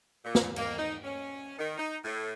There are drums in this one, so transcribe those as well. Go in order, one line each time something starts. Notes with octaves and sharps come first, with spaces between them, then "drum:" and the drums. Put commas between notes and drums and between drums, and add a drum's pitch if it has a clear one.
A#2
drum: snare
A#3, drum: cymbal
D#4
C#4
D#3
D#4
A2